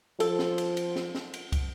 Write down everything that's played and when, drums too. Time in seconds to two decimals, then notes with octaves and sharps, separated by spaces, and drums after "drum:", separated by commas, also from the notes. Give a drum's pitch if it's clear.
0.20 F3 A4, drum: cymbal
0.39 drum: snare
0.58 drum: cymbal
0.77 drum: cymbal
0.96 drum: snare
1.15 drum: snare
1.34 drum: cymbal
1.52 drum: kick, cymbal